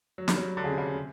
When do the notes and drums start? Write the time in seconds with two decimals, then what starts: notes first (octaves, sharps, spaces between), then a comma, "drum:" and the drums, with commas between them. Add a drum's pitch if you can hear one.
0.18 F#3
0.28 G3, drum: snare
0.37 F#3
0.57 D3
0.64 C#3
0.71 C3
0.78 C#3
0.95 C3